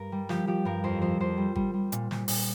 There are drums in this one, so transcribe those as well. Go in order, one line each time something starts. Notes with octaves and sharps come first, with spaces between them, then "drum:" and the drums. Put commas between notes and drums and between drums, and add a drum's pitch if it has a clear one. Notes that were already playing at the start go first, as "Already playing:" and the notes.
Already playing: G2 A#4
G3
F3 G4, drum: snare
F3 G4
G2 A#4
F2 C5
F3 C5
F2 C5
G3
G3, drum: kick G#1
G3
A#2, drum: hi-hat
A#2, drum: snare
A#2, drum: open hi-hat